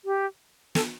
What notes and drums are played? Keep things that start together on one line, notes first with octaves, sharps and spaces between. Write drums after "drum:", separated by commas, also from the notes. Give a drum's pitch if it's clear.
G4
A4, drum: snare